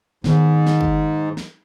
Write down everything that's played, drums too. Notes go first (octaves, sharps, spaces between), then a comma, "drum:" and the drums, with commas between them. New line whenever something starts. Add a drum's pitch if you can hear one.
G#2 D#3 B3, drum: snare
drum: snare
drum: kick G1
drum: snare